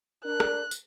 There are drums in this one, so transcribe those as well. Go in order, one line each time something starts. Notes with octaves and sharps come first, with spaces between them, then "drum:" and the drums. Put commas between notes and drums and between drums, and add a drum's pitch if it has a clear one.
D4 A#4 F#6
drum: rim click
drum: tambourine